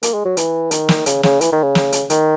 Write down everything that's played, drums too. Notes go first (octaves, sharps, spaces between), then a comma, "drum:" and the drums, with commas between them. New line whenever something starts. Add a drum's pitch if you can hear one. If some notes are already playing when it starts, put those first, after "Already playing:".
A#3, drum: hi-hat
G#3
F#3
E3, drum: hi-hat
D#3, drum: hi-hat
drum: snare
C#3, drum: hi-hat
C#3, drum: snare
E3, drum: hi-hat
D#3
C#3
drum: snare
drum: hi-hat
D#3, drum: hi-hat